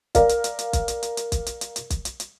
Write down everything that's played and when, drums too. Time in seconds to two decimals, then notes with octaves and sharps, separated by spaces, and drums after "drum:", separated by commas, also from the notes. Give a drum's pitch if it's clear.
0.15 A#4 D5 F5, drum: kick B1, hi-hat
0.29 drum: hi-hat
0.44 drum: hi-hat
0.59 drum: hi-hat
0.73 drum: kick B1, hi-hat
0.88 drum: hi-hat
1.03 drum: hi-hat
1.17 drum: hi-hat
1.32 drum: kick B1, hi-hat
1.46 drum: hi-hat
1.61 drum: hi-hat
1.76 drum: hi-hat
1.90 drum: kick B1, hi-hat
2.05 drum: hi-hat
2.20 drum: hi-hat